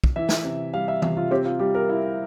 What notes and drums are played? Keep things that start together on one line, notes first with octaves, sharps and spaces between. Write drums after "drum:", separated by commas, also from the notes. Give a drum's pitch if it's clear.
drum: kick
E3 E5
drum: snare
C3
G3 F5
E5
C3 E5, drum: tom E3
F4
C4 G4
F4
G3 G4
A#4
E4